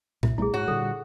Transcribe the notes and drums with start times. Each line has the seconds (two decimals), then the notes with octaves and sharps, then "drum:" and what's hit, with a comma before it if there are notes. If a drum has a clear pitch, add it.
0.23 C2 E5, drum: tom A#2
0.38 B1 G3 A3 E4 G#4
0.54 G#2 F#4 C#5
0.68 A#2 D3 G3 A4